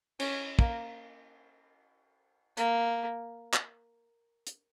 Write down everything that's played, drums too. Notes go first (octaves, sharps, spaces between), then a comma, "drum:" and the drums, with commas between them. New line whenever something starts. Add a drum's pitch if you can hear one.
C#4, drum: cymbal
A#3, drum: kick
A#3, drum: hi-hat
drum: clap
drum: hi-hat